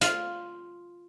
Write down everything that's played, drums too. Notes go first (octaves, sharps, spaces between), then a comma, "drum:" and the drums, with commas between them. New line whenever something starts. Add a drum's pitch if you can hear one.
F4, drum: hi-hat